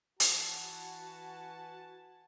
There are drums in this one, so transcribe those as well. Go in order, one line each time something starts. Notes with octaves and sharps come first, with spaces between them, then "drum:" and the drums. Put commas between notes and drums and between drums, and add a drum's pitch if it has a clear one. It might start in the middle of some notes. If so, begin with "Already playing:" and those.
E3 F#4 B4 F#5 G#5 A5, drum: hi-hat